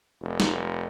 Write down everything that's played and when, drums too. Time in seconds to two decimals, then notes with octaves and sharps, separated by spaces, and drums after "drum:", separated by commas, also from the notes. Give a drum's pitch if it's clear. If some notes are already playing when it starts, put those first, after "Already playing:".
0.22 F1
0.40 drum: snare